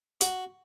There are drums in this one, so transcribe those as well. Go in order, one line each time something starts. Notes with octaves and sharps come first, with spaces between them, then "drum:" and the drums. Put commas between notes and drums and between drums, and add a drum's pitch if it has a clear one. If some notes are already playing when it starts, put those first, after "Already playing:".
F#4, drum: hi-hat